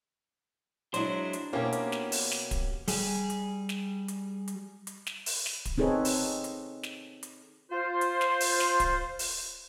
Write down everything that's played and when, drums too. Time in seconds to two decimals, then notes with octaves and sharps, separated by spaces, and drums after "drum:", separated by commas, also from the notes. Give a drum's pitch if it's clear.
0.94 F#3 G#3 D4 E4 C5, drum: hi-hat
1.33 drum: hi-hat
1.53 B2 A#3 C#4 E4 G4
1.73 drum: hi-hat
1.92 drum: snare
2.12 drum: open hi-hat
2.32 drum: snare
2.51 drum: kick D1, hi-hat
2.88 G3 G#4, drum: open hi-hat
3.30 drum: hi-hat
3.69 drum: snare
4.08 drum: hi-hat
4.48 drum: hi-hat
4.87 drum: hi-hat
5.07 drum: snare
5.26 drum: open hi-hat
5.46 drum: snare
5.65 drum: kick D1, hi-hat
5.78 C4 D#4 G#4 A4 B4 C#5
6.05 drum: open hi-hat
6.44 drum: hi-hat
6.83 drum: snare
7.23 drum: hi-hat
7.70 F4 C5
8.01 drum: hi-hat
8.21 drum: snare
8.41 drum: open hi-hat
8.60 drum: snare
8.80 drum: kick D1, hi-hat
9.19 drum: open hi-hat